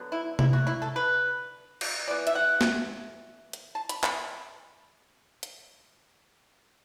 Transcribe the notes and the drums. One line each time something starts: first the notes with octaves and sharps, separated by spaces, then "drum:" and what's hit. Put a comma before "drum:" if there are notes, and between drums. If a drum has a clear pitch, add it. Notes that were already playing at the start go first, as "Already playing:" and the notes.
Already playing: D3 F#3 B3
E4
E4, drum: tom C3
F#4
E4
A4
B4
drum: cymbal
E3 B3 D5
E5, drum: hi-hat
F#5
drum: snare
drum: hi-hat
A5
B5, drum: hi-hat
B5, drum: clap
drum: hi-hat